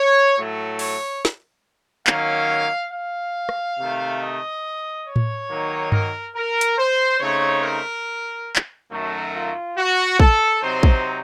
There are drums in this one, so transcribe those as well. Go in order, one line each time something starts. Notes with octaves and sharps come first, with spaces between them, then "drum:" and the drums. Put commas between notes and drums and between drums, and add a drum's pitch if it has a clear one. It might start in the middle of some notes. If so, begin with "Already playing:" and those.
Already playing: C#5
A2 F#3 A3
C#5, drum: open hi-hat
drum: snare
D#3 F#3 A#3 C#4 F5, drum: clap
F5
drum: rim click
C3 D#3 A3
D#5
C#5
drum: tom A2
D#3 F#3 A#3 D#4
A#4, drum: tom G2
A#4
drum: hi-hat
C5
C#3 A3 C4 D#4 C#5
A#4
drum: clap
F#2 D#3 F#3 A3
F4
F#4
A4, drum: kick
C3 F#3 C4 D#4 C5
drum: kick